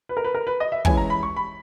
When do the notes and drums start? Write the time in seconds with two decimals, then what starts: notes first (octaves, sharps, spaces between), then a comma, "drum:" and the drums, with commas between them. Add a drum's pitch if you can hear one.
0.09 B4
0.17 A#4
0.24 B4
0.34 A#4
0.47 B4
0.60 D#5
0.72 E5
0.85 E3 G#3 C#4 E4 G#5, drum: kick
0.97 A#5
1.10 B5
1.23 C#6
1.36 B5